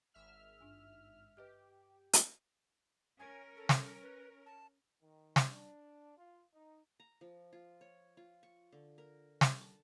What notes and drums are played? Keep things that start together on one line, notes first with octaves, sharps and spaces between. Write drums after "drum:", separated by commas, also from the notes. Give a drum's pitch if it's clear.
G#1 E5 F6
G2 D4
G4 B4 D#5 F6
drum: hi-hat
C#4 A#4 G#5
A4
drum: snare
B4
A5
D#3
drum: snare
D4
F4
D#4
A#5
F3
F4
C#5
F4
C#6
D3
A#4
drum: snare
A5